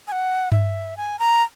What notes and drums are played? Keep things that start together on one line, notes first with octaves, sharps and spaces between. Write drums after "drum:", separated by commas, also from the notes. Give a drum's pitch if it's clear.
G#5
F#5
E5, drum: tom G2
G#5
A#5